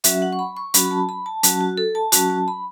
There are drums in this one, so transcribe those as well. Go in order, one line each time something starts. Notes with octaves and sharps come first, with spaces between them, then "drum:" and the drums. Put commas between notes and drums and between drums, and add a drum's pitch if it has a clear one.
F#3 C#4 F#4 E5, drum: hi-hat
F#5
C#6
B5
C#6
F#3 C#4 F#4 B5, drum: hi-hat
B5
A5
B5
A5
F#3 C#4 F#4 A5, drum: hi-hat
F#4
A4
A5
F#3 C#4 F#4 A5, drum: hi-hat
A5
B5